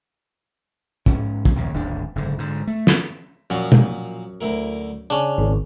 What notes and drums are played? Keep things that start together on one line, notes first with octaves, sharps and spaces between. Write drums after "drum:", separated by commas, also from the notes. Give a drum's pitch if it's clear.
G#2 C#4, drum: kick
drum: kick
A#1 D#2 C#3
D1 G#1 G#2 D4
F#1 G#2 D3
G#2 D3
A3
drum: snare
F#2 A#2 F3 F#4
drum: tom
D2 E4 A#4
C#3 C#4 D4
G#1